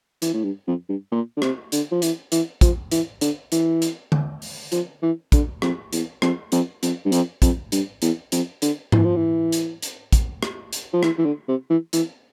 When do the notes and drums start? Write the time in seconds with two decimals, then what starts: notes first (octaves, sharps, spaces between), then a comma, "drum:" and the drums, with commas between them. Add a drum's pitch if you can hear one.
0.22 E3, drum: hi-hat
0.34 A2
0.44 G2
0.67 F2
0.89 G2
1.11 A#2
1.37 D3
1.42 C3, drum: rim click
1.72 D3, drum: hi-hat
1.91 F3
2.02 E3, drum: hi-hat
2.32 E3, drum: hi-hat
2.61 F3, drum: kick, hi-hat
2.92 E3, drum: hi-hat
3.21 D3, drum: hi-hat
3.52 E3, drum: hi-hat
3.82 drum: hi-hat
4.12 drum: tom D3
4.42 drum: open hi-hat
4.72 F3, drum: hi-hat
5.02 E3
5.32 D3, drum: kick, hi-hat
5.62 F2, drum: rim click
5.93 E2, drum: hi-hat
6.22 F2, drum: rim click
6.52 F2, drum: hi-hat
6.83 F2, drum: hi-hat
7.05 G2
7.12 F2, drum: hi-hat
7.42 F2, drum: kick, hi-hat
7.72 G2, drum: hi-hat
8.02 E2, drum: hi-hat
8.32 F2, drum: hi-hat
8.62 D3, drum: hi-hat
8.92 E3, drum: tom G#2
9.04 F3
9.16 E3
9.52 drum: hi-hat
9.82 drum: hi-hat
10.13 drum: kick, hi-hat
10.43 drum: rim click
10.73 drum: hi-hat
10.93 F3
11.03 E3, drum: rim click
11.18 E3
11.25 D3
11.48 C3
11.70 E3
11.93 E3, drum: hi-hat